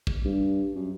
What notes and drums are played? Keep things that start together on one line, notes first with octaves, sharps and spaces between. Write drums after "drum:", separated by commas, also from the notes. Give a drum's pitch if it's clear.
drum: kick
G2
F#2